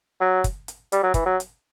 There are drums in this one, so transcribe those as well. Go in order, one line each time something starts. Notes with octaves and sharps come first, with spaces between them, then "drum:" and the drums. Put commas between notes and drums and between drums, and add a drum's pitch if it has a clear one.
F#3
drum: kick, hi-hat
drum: hi-hat
G3, drum: hi-hat
F#3
E3, drum: kick, hi-hat
F#3
drum: hi-hat